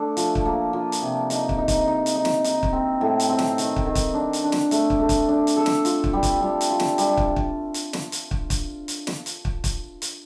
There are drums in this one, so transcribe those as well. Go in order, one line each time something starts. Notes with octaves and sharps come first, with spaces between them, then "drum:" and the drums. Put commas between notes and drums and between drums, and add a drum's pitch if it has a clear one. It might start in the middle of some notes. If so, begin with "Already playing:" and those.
Already playing: A3 D4 A4
F3, drum: hi-hat
drum: kick
A#3
F3
drum: hi-hat
C3
D#4, drum: hi-hat
drum: kick
D#4
drum: kick, hi-hat
D#4
drum: hi-hat
D#4
drum: snare
D#4, drum: hi-hat
drum: kick
C4
A2
drum: hi-hat
C4
drum: snare
D#3, drum: hi-hat
drum: kick
D#3
drum: kick, hi-hat
D4
drum: hi-hat
D4
drum: snare
A3, drum: hi-hat
drum: kick
A3
drum: kick, hi-hat
D4
drum: hi-hat
A4
drum: snare
F4, drum: hi-hat
drum: kick
G3
drum: kick, hi-hat
G3
drum: hi-hat
F4
drum: snare
G3, drum: hi-hat
drum: kick
drum: kick
drum: hi-hat
drum: snare
drum: hi-hat
drum: kick
drum: kick, hi-hat
drum: hi-hat
drum: snare
drum: hi-hat
drum: kick
drum: kick, hi-hat
drum: hi-hat